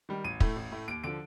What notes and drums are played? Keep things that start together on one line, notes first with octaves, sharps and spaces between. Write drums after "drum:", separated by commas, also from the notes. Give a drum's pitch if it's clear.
D#3 G3
A1 D#7
A2 A3, drum: kick
A1
A2 A3
D#2 D7
D3 F3 D7